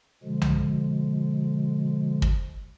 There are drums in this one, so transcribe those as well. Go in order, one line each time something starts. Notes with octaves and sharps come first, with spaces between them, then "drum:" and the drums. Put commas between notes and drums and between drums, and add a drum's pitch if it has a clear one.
B2 D3 F3 G#3
drum: tom C2
drum: kick